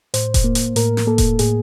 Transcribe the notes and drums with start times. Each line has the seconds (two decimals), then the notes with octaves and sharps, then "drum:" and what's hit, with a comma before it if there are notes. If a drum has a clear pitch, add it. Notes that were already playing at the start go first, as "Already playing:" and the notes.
0.14 A2 C5, drum: hi-hat
0.34 drum: kick E1, hi-hat
0.44 A#3
0.55 drum: hi-hat
0.76 A2 A#4, drum: hi-hat
0.97 drum: snare
1.07 A#3 A4
1.18 drum: kick E1, hi-hat
1.39 A2 G#4, drum: hi-hat